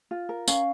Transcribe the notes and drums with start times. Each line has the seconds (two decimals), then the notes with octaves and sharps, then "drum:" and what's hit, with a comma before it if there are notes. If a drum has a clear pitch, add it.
0.11 F4
0.29 A#4
0.48 C#4 F5, drum: tambourine